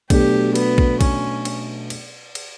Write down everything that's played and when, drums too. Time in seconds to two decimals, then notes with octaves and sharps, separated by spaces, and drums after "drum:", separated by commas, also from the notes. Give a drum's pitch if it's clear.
0.10 B2 F#3 A3 D4 G4, drum: kick, cymbal
0.55 B3, drum: cymbal
0.78 drum: kick
1.01 C#4, drum: kick, cymbal
1.45 drum: cymbal
1.90 drum: cymbal
2.35 drum: cymbal